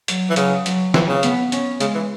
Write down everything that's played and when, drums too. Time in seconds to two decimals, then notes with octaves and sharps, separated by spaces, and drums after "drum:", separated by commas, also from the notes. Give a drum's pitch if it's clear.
0.08 F#3, drum: hi-hat
0.30 E3
0.36 C#3 F#3, drum: hi-hat
0.66 F#3, drum: hi-hat
0.94 E3, drum: snare
1.09 C#3
1.23 B3, drum: hi-hat
1.52 C#4, drum: hi-hat
1.80 C#3 G#3, drum: hi-hat
1.95 E3